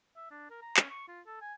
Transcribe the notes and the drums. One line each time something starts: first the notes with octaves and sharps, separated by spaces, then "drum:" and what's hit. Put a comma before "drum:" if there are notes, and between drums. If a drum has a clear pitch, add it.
E5
D4
A#4
A#5
C#4, drum: clap
C#6
F4
A4
G#5